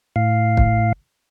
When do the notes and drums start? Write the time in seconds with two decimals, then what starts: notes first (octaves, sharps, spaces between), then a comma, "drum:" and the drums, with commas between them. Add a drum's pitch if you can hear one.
0.16 A2 F5
0.57 drum: kick